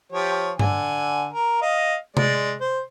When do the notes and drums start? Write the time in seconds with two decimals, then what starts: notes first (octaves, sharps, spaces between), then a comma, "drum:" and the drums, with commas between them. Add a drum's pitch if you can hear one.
0.12 F3 G4 C#5
0.59 D3 G#5, drum: tom G2
1.33 A#4
1.62 D#5 F5
2.17 G#3 D5, drum: tom C3
2.60 C5